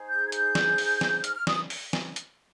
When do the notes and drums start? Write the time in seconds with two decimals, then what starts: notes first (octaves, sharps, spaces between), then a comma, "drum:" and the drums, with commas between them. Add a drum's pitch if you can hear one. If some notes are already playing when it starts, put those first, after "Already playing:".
Already playing: D#4 G#4 C5
0.09 G6
0.27 G#6
0.32 G6, drum: hi-hat
0.55 drum: snare
0.78 drum: open hi-hat
1.01 drum: snare
1.24 F6, drum: hi-hat
1.36 F6
1.47 D#6, drum: snare
1.70 drum: open hi-hat
1.93 drum: snare
2.16 drum: hi-hat